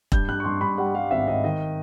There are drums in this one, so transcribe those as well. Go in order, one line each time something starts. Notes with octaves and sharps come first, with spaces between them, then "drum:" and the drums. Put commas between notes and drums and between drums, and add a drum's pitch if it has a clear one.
G2 G6, drum: kick E1
G2 F#6
C#6
G2 C6
G2 B5
G3 F#5
G3 F5
G#1 E5
G#1 D#5
D#3 D#5